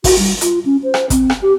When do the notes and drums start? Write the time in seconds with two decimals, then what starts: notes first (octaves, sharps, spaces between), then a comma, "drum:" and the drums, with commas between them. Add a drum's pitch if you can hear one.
0.04 F#4, drum: kick, open hi-hat
0.19 G3
0.41 F4, drum: hi-hat
0.65 C#4
0.84 C5
0.94 drum: rim click
1.10 C4, drum: kick, hi-hat
1.30 drum: rim click
1.42 G4